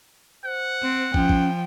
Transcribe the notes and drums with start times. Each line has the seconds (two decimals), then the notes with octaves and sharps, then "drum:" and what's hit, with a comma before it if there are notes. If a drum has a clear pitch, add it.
0.44 C5 F#5
0.82 C4
1.14 F3 C#4 G5, drum: kick
1.29 drum: kick